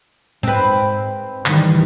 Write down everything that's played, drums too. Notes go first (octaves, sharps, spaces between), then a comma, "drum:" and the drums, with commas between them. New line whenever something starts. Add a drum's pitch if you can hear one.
G#2 C4 B4, drum: tom A#2
D#3 E3 G3, drum: clap